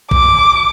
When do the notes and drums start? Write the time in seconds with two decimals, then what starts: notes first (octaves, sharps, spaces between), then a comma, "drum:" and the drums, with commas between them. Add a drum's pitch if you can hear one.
0.11 D6, drum: kick